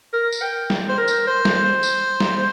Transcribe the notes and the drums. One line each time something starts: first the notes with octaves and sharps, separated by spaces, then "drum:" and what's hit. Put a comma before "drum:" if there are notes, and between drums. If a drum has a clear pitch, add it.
A#4
drum: tambourine
G5
drum: snare
C5
A#4
drum: tambourine
C5
drum: snare
C5
drum: tambourine
drum: snare